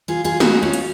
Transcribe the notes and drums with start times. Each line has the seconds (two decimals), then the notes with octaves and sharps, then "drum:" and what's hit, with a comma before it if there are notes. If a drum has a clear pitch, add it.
0.08 F4 G#4
0.24 F4 G#4
0.40 D#4 F#4, drum: snare
0.62 C#4 F4
0.73 drum: hi-hat